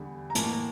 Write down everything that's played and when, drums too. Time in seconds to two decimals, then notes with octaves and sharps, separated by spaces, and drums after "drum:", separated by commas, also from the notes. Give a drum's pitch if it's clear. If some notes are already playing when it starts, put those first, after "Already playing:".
Already playing: E2 D3 G3
0.30 A#5
0.35 A2 E3 A#3 A5, drum: hi-hat